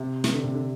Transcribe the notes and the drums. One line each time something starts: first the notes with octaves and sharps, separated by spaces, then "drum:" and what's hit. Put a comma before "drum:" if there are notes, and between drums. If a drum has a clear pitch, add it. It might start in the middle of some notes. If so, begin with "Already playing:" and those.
Already playing: C3
C3, drum: snare
D3
C3
D3